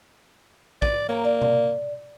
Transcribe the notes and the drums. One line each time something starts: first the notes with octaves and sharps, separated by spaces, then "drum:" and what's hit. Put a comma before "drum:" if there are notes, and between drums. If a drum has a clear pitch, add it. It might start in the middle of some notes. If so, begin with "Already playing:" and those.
F4 B4 D5, drum: kick
A#3 C#5 G5 A#5
D5
drum: tom B2